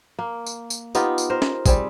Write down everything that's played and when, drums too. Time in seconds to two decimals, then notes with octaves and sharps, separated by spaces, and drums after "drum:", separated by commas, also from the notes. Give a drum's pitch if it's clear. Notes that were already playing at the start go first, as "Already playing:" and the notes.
0.19 A#3
0.46 drum: tambourine
0.70 drum: tambourine
0.95 B3 D#4 F4 G4, drum: tambourine
1.18 drum: tambourine
1.30 A#4 C5
1.42 drum: snare
1.66 G3 C4 G#4, drum: kick, tambourine